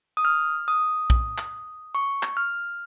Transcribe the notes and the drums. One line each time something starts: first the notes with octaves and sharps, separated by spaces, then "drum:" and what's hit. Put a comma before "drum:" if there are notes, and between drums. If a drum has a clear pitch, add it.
D#6
F6
D#6
drum: kick
drum: clap
C#6
drum: clap
F6